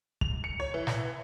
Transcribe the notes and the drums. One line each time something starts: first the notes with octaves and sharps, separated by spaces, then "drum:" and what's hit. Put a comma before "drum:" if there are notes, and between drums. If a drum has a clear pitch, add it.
F7, drum: kick
C#7
C#5
E3
drum: snare